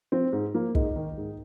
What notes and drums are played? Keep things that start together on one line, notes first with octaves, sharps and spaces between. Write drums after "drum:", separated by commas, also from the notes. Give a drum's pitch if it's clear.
F3 C4
G#2
F3 A#3
G#2 D#4, drum: kick
D#3
G#2